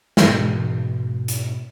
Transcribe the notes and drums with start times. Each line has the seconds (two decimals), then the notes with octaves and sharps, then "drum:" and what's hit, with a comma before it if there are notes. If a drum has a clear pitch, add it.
0.17 G#2 B2, drum: snare
1.28 drum: hi-hat